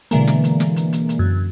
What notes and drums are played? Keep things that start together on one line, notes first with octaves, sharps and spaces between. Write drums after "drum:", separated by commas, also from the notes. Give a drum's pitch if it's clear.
B2 D3 E3 G#3 A#3, drum: hi-hat
drum: snare
drum: hi-hat
drum: snare
drum: hi-hat
drum: hi-hat
drum: hi-hat
F#2